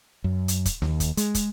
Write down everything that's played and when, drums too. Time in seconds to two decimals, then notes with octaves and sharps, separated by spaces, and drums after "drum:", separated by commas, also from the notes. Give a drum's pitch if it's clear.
0.24 F#2
0.48 drum: hi-hat
0.65 drum: kick, hi-hat
0.82 D#2, drum: snare
1.00 drum: kick, hi-hat
1.17 G#3, drum: hi-hat
1.35 drum: kick, hi-hat